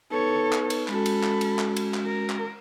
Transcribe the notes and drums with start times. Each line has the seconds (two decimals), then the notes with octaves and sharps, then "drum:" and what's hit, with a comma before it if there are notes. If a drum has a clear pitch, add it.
0.10 B3 D#4 A4 B4 C#5
0.52 drum: clap
0.70 drum: cymbal
0.88 G#3 C#4 F#4 A4 B5, drum: clap
1.06 drum: cymbal
1.23 drum: clap
1.41 drum: cymbal
1.59 drum: clap
1.76 drum: cymbal
1.94 drum: clap
2.05 A#4
2.30 drum: clap